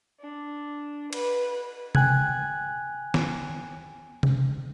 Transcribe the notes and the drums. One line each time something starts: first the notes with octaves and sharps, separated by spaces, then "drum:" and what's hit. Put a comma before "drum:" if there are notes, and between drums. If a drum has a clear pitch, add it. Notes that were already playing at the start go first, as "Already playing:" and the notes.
D4
B4, drum: cymbal
G5 G#5 F#6 G#6, drum: tom C3
drum: snare
drum: tom C3